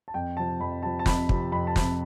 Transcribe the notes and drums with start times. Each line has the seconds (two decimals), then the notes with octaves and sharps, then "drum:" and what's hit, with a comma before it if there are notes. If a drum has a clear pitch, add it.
0.08 A5
0.14 F2 G5
0.37 C3 F3 A5
0.60 F2 B5
0.83 C3 F3 A5
0.99 A5
1.06 F2 B5, drum: snare
1.29 C3 F3, drum: kick
1.52 F2 B5
1.67 A5
1.76 C3 F3, drum: snare